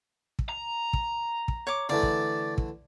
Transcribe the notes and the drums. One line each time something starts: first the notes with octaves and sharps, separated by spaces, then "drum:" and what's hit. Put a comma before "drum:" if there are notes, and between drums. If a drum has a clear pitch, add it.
drum: kick
A#5
drum: kick
drum: kick
C#5 D6
D3 E3 A3 D5
drum: kick
drum: kick